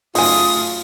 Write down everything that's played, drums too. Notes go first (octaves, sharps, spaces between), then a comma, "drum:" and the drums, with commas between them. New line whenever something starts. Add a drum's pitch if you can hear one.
F#2 C#3 A3 D#4 F4 G#5 D#6, drum: open hi-hat